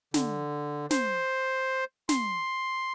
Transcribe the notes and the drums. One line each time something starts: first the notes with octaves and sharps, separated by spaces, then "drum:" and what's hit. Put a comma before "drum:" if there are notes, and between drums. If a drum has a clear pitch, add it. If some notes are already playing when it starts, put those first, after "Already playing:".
D3, drum: snare
C5, drum: snare
C6, drum: snare